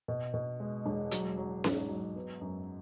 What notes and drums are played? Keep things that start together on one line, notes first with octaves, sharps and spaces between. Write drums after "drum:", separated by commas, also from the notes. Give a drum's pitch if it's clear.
B2
B2
G#3
E1
F#3, drum: hi-hat
F#3
G#2, drum: snare C#4
F#3
B3
F#2